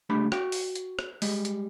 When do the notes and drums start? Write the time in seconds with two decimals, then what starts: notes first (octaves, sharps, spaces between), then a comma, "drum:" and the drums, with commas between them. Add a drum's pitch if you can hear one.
0.10 C#2 G3 A3 D4 B5
0.32 F#4 F5 G5, drum: rim click
0.52 drum: open hi-hat
0.75 drum: hi-hat
0.99 drum: rim click
1.22 G3 G#3, drum: open hi-hat
1.45 drum: hi-hat